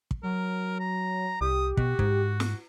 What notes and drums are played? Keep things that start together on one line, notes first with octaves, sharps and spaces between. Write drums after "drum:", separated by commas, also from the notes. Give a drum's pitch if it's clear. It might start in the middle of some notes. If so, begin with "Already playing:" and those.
drum: kick
F#3 A#4
A#5
C2 G4 D#6
B2 F#4, drum: kick
G#2, drum: kick
drum: snare